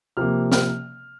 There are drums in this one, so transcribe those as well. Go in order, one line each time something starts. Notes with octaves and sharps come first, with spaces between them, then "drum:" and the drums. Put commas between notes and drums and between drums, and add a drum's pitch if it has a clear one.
C3 F3 A#3 F6
F6, drum: snare